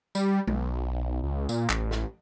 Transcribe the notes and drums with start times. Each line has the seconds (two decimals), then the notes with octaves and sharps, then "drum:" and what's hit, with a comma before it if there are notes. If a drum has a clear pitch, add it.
0.15 G3, drum: tambourine
0.47 B1, drum: tom G#3
1.23 C#2
1.49 A#2, drum: tambourine
1.70 A1, drum: clap
1.91 drum: snare